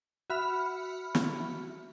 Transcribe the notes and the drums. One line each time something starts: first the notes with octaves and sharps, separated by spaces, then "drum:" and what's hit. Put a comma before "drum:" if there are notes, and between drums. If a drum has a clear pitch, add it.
F#4 E5 B5 F6
drum: snare